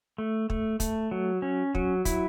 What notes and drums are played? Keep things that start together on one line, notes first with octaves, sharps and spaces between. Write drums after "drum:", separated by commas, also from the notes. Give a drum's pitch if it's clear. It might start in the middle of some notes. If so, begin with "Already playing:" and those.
A3
A3, drum: kick
A3, drum: kick, hi-hat
F#3
C#4
F#3, drum: kick
E4, drum: kick, hi-hat